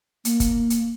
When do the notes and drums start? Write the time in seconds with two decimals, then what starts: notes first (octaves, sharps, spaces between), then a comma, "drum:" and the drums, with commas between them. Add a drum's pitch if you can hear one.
0.25 A#3, drum: hi-hat
0.40 drum: kick, hi-hat
0.70 drum: hi-hat